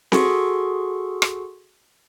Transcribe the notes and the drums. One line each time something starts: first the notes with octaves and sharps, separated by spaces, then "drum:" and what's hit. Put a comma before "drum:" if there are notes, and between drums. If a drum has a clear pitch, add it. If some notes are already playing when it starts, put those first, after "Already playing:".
F#4 G#4 A4 C6 C#6, drum: snare C4
drum: rim click